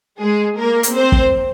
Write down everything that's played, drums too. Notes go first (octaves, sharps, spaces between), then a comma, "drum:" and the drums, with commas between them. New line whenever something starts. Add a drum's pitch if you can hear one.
G#3 G#4
A#3 A#4
drum: hi-hat
C4 C5
drum: kick